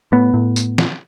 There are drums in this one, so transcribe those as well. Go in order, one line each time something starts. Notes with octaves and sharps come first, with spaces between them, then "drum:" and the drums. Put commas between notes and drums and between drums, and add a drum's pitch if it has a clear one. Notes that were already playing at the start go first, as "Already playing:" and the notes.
A2 B3
A2
drum: tambourine
drum: snare